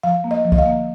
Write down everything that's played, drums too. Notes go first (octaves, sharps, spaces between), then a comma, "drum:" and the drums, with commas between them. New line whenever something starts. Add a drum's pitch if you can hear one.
F3 F5
A#3
D#5
F3
D#5, drum: kick C2
F5
A#3